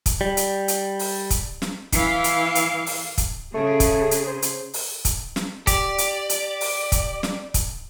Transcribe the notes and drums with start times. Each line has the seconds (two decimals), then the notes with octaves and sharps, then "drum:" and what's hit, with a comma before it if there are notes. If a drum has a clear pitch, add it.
0.06 drum: kick, hi-hat
0.21 G3
0.37 drum: hi-hat
0.68 drum: hi-hat
0.99 drum: open hi-hat
1.30 drum: kick, hi-hat
1.62 drum: snare
1.92 E3 F5, drum: kick, hi-hat
2.24 drum: hi-hat
2.55 drum: hi-hat
2.86 drum: open hi-hat
3.18 drum: kick, hi-hat
3.54 C#3 A3 G#4
3.80 drum: kick, hi-hat
4.11 drum: hi-hat
4.27 C5
4.42 drum: hi-hat
4.74 drum: open hi-hat
5.05 drum: kick, hi-hat
5.36 drum: snare
5.67 G4 D5, drum: kick, hi-hat
5.98 drum: hi-hat
6.29 drum: hi-hat
6.61 drum: open hi-hat
6.92 drum: kick, hi-hat
7.23 drum: snare
7.54 drum: kick, hi-hat